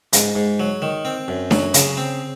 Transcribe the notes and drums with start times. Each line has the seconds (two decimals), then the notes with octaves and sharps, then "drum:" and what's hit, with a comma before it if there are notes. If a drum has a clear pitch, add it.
0.13 G#2, drum: hi-hat
0.35 G#2
0.60 F#3
0.82 D#3
1.05 C4
1.28 F#2
1.51 F#3, drum: snare D4
1.74 C#3, drum: hi-hat
1.97 C4